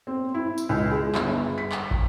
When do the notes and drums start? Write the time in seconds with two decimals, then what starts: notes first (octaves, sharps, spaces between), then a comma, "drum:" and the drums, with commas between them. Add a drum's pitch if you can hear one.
0.07 C4
0.34 E4
0.58 drum: tambourine
0.69 C#2
0.91 G#3
1.15 G1, drum: clap
1.58 B6
1.72 drum: clap
1.91 drum: kick